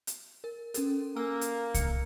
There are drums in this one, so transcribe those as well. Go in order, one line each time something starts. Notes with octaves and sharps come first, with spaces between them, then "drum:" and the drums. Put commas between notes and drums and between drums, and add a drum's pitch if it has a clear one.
drum: hi-hat
A#4
C#4 A4 A#4, drum: hi-hat
A#3 G#5 E6 F6
drum: hi-hat
E3 C#7, drum: kick C2, hi-hat